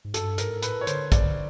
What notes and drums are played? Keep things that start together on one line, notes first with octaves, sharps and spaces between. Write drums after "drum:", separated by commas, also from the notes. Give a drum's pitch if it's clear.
G#2
G2 A4, drum: hi-hat
G#2 A#4, drum: hi-hat
A2 B4, drum: hi-hat
C#5
D3 C5, drum: hi-hat
D5, drum: kick, hi-hat
D3